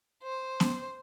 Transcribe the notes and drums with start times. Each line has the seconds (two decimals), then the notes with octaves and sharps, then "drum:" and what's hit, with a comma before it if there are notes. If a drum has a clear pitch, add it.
0.23 C5
0.60 drum: snare